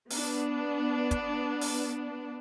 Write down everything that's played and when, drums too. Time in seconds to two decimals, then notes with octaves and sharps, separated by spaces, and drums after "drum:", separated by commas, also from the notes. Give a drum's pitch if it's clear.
0.10 B3 D4, drum: open hi-hat
1.11 drum: kick, hi-hat
1.61 drum: open hi-hat